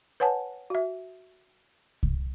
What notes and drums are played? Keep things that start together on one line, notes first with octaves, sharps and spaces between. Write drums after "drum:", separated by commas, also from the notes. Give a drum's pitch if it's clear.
B4 C#5 F#5 G#5 A5
F#4 E5
drum: kick C2